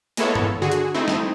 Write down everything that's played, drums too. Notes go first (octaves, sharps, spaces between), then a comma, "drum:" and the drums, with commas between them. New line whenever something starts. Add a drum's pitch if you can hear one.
G#3 A#3 B3 E4 A4 C#5, drum: hi-hat
drum: tom G2
D3 F#4 G#4
drum: hi-hat
A3 C4 D#4 E4
drum: snare